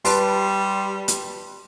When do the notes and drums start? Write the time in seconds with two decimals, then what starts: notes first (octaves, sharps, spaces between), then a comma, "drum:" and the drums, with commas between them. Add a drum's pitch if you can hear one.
0.05 G3 B4 A5 C6, drum: open hi-hat
1.08 drum: hi-hat